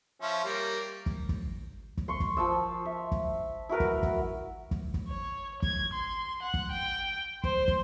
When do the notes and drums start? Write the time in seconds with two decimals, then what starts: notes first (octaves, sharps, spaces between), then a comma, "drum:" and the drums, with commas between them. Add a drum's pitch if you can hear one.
0.22 F3 C#4 E5
0.44 G3 A#3
1.06 drum: kick
1.29 drum: kick
1.97 drum: kick
2.08 C6 C#6
2.20 drum: kick
2.37 F3 A5 E6
2.85 E5
3.12 drum: kick
3.69 E4 F#4 A#4 B4
3.80 drum: kick
4.03 drum: kick
4.71 drum: kick
4.94 drum: kick
5.08 C#5
5.62 G#6, drum: kick
5.93 C6
6.42 F#5
6.54 drum: kick
6.71 G5
7.44 C5, drum: kick
7.68 drum: kick